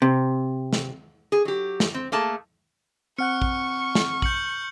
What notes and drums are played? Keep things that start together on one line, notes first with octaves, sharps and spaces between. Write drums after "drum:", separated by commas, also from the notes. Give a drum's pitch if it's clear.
C3
drum: snare
G#4
F#3 G4
drum: snare
C4
A3 A#3 G#4 A5
C4 F#5 C#6 F6 F#6 C#7
drum: kick A#1
drum: snare
G6 C#7 F#7, drum: kick A#1